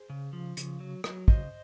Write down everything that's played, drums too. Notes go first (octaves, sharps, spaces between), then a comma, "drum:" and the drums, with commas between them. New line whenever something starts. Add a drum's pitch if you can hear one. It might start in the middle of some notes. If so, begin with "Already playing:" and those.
Already playing: G#4 C5
C#3
F3
C#3, drum: hi-hat
F#3
F#3, drum: rim click
C#3 C5 D#5, drum: kick